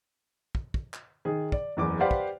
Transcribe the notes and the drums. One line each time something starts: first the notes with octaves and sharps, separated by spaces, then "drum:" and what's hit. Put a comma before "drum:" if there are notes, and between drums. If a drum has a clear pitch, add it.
drum: kick
drum: kick
drum: clap
D#3 G#4
D5, drum: kick
F#1 E2 D6
G4 B4 C5 D5 F5 F#5
drum: kick